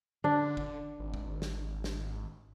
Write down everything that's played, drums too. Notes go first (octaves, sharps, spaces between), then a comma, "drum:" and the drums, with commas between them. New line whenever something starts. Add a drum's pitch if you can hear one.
D3 D4
drum: kick
G#1
drum: kick
drum: snare
drum: snare